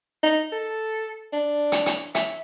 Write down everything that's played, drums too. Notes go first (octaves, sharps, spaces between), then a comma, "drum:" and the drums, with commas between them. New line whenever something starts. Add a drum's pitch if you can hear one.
D#4
A4
D4
drum: hi-hat
drum: hi-hat
E5, drum: hi-hat